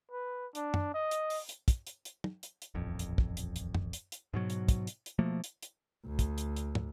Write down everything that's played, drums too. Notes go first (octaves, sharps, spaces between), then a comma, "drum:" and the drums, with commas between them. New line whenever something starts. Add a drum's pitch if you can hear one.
B4
D4, drum: hi-hat
drum: tom
D#5
drum: hi-hat
drum: open hi-hat
drum: hi-hat
drum: kick, hi-hat
drum: hi-hat
drum: hi-hat
drum: tom
drum: hi-hat
drum: hi-hat
D#1 A1 F2
drum: hi-hat
drum: kick
drum: hi-hat
drum: hi-hat
drum: tom
drum: hi-hat
drum: hi-hat
G#2 B2 F#3
drum: hi-hat
drum: kick, hi-hat
drum: hi-hat
drum: hi-hat
B2 F3 A3 A#3
drum: hi-hat
drum: hi-hat
D2
drum: kick, hi-hat
drum: hi-hat
drum: hi-hat
drum: tom